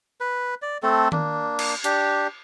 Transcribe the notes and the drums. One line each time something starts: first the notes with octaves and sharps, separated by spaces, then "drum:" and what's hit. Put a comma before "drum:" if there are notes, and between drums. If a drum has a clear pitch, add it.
B4
D5
A3 C4 A4
A#3 D4, drum: tom D#3
drum: cymbal
D4 G4, drum: hi-hat